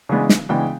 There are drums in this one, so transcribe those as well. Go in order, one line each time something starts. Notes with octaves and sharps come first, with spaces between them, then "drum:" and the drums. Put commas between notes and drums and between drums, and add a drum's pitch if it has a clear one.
C#3 E3 G#3 B3 D4
drum: snare
C#3 E3 G#3 B3 D4 G5